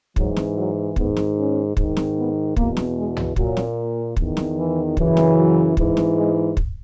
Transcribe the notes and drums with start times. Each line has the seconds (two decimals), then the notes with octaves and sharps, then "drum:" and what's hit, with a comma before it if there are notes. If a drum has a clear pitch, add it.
0.16 G#2 E3 F#3, drum: kick
0.36 drum: snare
0.57 F#3
0.96 G#2 D#3 B3, drum: kick
1.17 drum: snare
1.36 C#4
1.77 G#2 D#3, drum: kick
1.97 drum: snare
2.17 B3
2.57 E2 B2 A#3, drum: kick
2.77 drum: snare
2.96 G#3
3.17 drum: tom
3.36 A#2 F#3, drum: kick
3.57 drum: snare
4.17 E2 D#3, drum: kick
4.37 drum: snare
4.57 E3
4.97 F#2 C#3 E3, drum: kick
5.17 drum: snare
5.36 F#3
5.77 G#2 E3, drum: kick
5.97 drum: snare
6.17 G#3
6.57 drum: kick